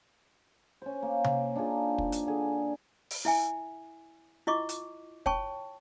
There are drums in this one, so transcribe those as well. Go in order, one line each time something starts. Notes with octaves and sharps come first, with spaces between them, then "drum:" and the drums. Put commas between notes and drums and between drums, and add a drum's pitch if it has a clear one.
C#4 C5
A#3
drum: tom C3
D4 D#4 F4 G#4
drum: kick
drum: hi-hat
D3 G#4
drum: open hi-hat
E4 E5 G#5
E4 F4 D#5 C#6 D6
drum: hi-hat
C#5 G5 A5 C#6, drum: kick